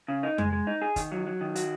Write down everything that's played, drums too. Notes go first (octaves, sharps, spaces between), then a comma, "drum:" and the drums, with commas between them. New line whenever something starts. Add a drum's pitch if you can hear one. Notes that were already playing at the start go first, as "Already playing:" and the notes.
C#3
D#4
G#3, drum: tom F2
G#3
D#4
G#4
D#3, drum: kick, hi-hat
F#3
F#3
D#3
F#4, drum: hi-hat